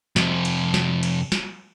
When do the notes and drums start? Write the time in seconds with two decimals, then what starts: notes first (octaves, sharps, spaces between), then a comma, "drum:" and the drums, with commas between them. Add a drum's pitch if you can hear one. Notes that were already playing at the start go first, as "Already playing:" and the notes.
0.16 F2 C3, drum: snare
0.45 drum: cymbal
0.74 drum: snare
1.03 drum: cymbal
1.32 drum: snare